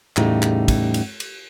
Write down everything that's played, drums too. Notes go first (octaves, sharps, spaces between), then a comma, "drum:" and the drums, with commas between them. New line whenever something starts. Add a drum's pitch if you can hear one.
E2 A2 C#3 G3 D#4, drum: clap
drum: clap
drum: kick, cymbal
drum: cymbal
drum: cymbal